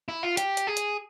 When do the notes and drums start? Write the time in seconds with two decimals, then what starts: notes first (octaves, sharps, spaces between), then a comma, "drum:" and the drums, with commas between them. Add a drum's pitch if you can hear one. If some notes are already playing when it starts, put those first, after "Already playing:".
0.08 E4
0.23 F4
0.37 G4, drum: hi-hat
0.57 drum: hi-hat
0.67 G#4
0.77 drum: hi-hat